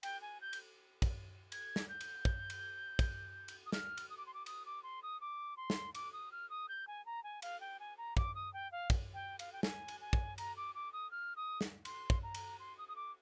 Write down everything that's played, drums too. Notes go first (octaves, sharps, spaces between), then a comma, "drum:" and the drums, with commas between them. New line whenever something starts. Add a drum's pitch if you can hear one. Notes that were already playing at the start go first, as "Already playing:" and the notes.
G5, drum: cymbal
G#5
G6
drum: cymbal
drum: kick, cymbal
G#6, drum: cymbal
drum: snare
G6
drum: cymbal
drum: kick
drum: cymbal
drum: kick, cymbal
drum: cymbal
D#6
F6, drum: snare
drum: cymbal
D#6
D6
C6
D6
D#6, drum: cymbal
D6
C6
D#6
D6
C6
drum: snare
D6, drum: cymbal
D#6
F6
D#6
G6
G#5
A#5
G#5
F5, drum: cymbal
G5
G#5
A#5
D6, drum: kick
D#6
G5
F5
drum: kick, cymbal
G5
F5, drum: cymbal
G5
G#5, drum: snare
drum: cymbal
G#5
drum: kick
A#5, drum: cymbal
D6
D6
D#6
F6
D#6
drum: snare
C6, drum: cymbal
drum: kick
A#5
drum: cymbal
C6
D#6
D#6
D6